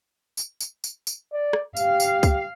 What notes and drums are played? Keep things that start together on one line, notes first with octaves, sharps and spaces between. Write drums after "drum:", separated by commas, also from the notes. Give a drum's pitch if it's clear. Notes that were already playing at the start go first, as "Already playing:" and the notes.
drum: tambourine
drum: tambourine
drum: tambourine
drum: tambourine
D5
drum: rim click
G4 F5, drum: tambourine
drum: tambourine
drum: kick C#2, tambourine